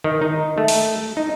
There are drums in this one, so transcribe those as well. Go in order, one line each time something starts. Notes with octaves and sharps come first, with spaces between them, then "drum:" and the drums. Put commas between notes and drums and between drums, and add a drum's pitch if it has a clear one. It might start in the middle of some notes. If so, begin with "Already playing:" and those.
D#3
D#4
A3
drum: open hi-hat
D#4